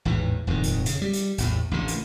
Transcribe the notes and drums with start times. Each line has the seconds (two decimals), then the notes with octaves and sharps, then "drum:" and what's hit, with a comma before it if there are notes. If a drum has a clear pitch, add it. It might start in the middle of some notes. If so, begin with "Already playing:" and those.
0.05 A1 E2 G#2 E3
0.47 D#1 F2 G#2 D#3
0.63 drum: hi-hat
0.86 C#3, drum: hi-hat
1.02 G3
1.13 drum: hi-hat
1.38 A1 E2 A2, drum: hi-hat
1.71 A1 A2 D3
1.88 drum: hi-hat